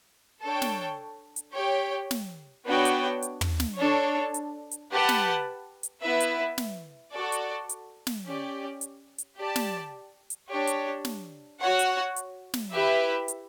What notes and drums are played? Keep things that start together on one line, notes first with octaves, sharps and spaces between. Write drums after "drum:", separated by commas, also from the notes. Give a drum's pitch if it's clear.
D4 A4 C#5 G5
drum: snare
drum: hi-hat
G4 C#5 G5
drum: snare
B3 D4 F#4 C#5 G5
drum: hi-hat
drum: hi-hat
drum: tom
drum: snare
D4 A4 C#5
drum: hi-hat
drum: hi-hat
G4 B4 F#5 A5
drum: snare
drum: hi-hat
B3 E4 B4 E5
drum: hi-hat
drum: snare
F#4 A4 D5
drum: hi-hat
drum: hi-hat
drum: snare
C#4 G4 D5
drum: hi-hat
drum: hi-hat
G4 D5 A5
drum: snare
drum: hi-hat
D4 G4 C#5
drum: hi-hat
drum: snare
F#4 C#5 F#5
drum: hi-hat
drum: hi-hat
drum: snare
E4 G4 B4 E5
drum: hi-hat